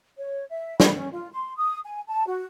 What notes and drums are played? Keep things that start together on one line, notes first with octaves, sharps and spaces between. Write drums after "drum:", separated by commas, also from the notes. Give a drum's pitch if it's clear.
C#5
E5
B5, drum: snare
C#4
F4
C6
D#6
G#5
A5
F#4